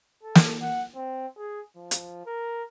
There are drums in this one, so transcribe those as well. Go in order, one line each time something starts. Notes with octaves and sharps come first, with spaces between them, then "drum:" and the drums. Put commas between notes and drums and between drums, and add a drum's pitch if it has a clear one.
A4
drum: snare
F#5
C4
G#4
F3
drum: hi-hat
A#4